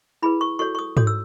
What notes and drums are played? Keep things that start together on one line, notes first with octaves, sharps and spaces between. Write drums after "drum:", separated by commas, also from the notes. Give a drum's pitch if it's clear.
E4 G#4 B4 B5
C#6
F#4 A4 C#5 C#6
C#6
D#6
F#4 A4 C#5 D#6, drum: tom G#2
E6